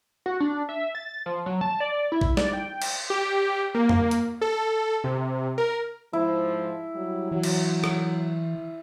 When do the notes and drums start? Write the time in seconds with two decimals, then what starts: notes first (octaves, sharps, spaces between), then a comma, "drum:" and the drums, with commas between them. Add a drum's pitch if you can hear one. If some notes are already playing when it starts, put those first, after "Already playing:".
0.26 F#4
0.40 D4
0.69 E5
0.95 A6
1.26 F3
1.46 F#3
1.61 A5
1.80 D5
2.12 E4
2.21 drum: kick
2.37 D5, drum: snare
2.53 G5
2.82 drum: cymbal
3.10 G4
3.75 A#3
3.89 drum: tom F2
4.11 drum: hi-hat
4.41 A4
5.04 C3
5.58 A#4
6.13 G#2 F3 E4
6.95 F#3 G3
7.32 E3 F#3
7.43 drum: cymbal
7.84 drum: rim click